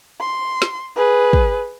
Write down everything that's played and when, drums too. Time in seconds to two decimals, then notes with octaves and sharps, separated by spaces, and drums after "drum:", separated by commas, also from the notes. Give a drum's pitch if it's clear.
0.20 C6
0.62 drum: snare
0.96 G#4 B4
1.33 drum: kick